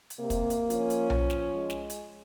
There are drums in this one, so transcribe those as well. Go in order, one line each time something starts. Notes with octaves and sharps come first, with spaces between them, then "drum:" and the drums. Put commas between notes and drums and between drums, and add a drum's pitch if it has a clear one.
drum: hi-hat
C3 A#3
drum: kick, hi-hat
drum: hi-hat
F3 C#4 F4, drum: hi-hat
drum: hi-hat
drum: tom B1
drum: snare
G#3
drum: snare
drum: hi-hat